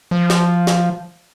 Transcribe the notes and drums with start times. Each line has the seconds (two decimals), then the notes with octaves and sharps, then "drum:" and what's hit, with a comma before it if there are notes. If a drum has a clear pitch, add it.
0.11 F3
0.30 drum: snare
0.67 drum: snare